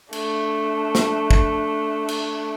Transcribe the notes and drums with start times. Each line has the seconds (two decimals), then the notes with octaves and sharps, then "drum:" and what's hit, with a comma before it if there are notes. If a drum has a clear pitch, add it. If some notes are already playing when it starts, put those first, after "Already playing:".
0.13 A3 D4, drum: cymbal
0.95 drum: snare
1.31 drum: kick
2.09 drum: cymbal